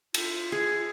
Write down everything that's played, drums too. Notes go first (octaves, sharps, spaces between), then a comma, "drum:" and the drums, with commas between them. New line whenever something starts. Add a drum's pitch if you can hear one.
F4, drum: cymbal
G#4